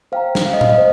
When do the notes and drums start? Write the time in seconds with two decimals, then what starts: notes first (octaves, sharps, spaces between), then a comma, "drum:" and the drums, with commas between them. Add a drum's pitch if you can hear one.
0.12 C5 F5 G5 A#5
0.35 drum: snare
0.46 F5
0.53 D#5
0.61 F5, drum: tom A#2
0.70 D#5
0.78 C5